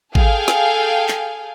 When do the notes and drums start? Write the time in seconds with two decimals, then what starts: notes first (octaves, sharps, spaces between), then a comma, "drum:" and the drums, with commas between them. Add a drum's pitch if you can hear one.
0.15 G#4 A4 F5 G5 G#5, drum: kick
0.48 drum: snare
1.09 drum: clap